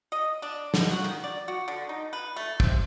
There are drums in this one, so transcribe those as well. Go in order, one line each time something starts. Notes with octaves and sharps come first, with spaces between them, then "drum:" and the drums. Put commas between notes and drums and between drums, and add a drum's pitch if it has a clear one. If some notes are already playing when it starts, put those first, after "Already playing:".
D#5
D4
B2, drum: snare
F#4
D#3
D5
F#4
D3
D#4
B4
A3
C3, drum: kick